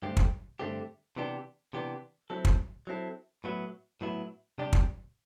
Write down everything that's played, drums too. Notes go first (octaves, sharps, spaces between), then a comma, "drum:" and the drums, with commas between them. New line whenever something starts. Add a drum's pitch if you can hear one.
G2 D3 A3 C4 G4
drum: kick
G2 D3 A3 C4 G4
C3 E3 B3 D4 G4
C3 E3 B3 D4 G4
F#3 C4 E4 A4
drum: kick
F#3 C4 E4 A4
A2 F#3 B3 E4
A2 F#3 B3 E4
C3 G3 D4 G4
drum: kick